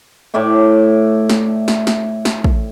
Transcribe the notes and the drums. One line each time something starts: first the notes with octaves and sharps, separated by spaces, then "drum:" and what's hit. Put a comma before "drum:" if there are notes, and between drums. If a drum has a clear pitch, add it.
A2 D5 E5 G5
drum: snare
drum: snare
drum: snare
drum: snare
drum: kick